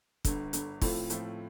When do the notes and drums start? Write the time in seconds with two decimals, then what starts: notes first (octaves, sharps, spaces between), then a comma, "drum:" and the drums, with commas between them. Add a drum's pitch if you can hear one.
0.25 G1 G2 D3, drum: kick, hi-hat
0.53 G1 G2 D3, drum: hi-hat
0.81 A2 F3 A3 C4 F4, drum: kick, open hi-hat
1.10 A2 F3 A3 C4 F4, drum: hi-hat